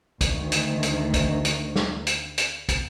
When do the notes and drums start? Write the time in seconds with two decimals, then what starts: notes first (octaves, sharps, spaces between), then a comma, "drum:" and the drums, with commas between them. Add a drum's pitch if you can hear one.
0.21 D2 D#3, drum: kick, hi-hat
0.52 drum: hi-hat
0.83 drum: hi-hat
1.14 drum: kick, hi-hat
1.45 drum: hi-hat
1.76 drum: snare
2.07 drum: hi-hat
2.38 drum: hi-hat
2.69 drum: kick, hi-hat